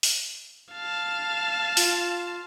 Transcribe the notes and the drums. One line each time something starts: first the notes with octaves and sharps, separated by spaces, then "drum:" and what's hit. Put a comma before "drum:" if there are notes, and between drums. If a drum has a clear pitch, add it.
drum: open hi-hat
F5 A5
F4, drum: open hi-hat